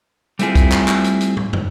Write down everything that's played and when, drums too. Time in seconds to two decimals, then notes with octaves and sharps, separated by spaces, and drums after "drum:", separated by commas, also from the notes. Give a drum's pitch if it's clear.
0.39 G3 A3 C4 E4 F4 G#4, drum: hi-hat
0.55 drum: kick B1, hi-hat
0.72 drum: clap
0.88 drum: clap
1.04 drum: hi-hat
1.21 drum: hi-hat
1.37 drum: tom
1.53 drum: tom